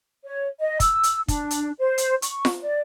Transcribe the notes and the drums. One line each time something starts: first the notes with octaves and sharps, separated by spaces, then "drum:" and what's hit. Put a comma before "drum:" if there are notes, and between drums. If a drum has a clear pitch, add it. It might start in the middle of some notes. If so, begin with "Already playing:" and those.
C#5
D#5
E6, drum: kick, hi-hat
drum: hi-hat
D4, drum: kick, hi-hat
drum: hi-hat
C5
drum: hi-hat
C#6, drum: hi-hat
drum: snare F4
D5